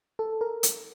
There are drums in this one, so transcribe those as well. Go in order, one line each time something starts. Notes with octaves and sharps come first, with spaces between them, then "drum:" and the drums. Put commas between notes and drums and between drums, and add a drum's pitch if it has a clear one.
A4
A#4
drum: hi-hat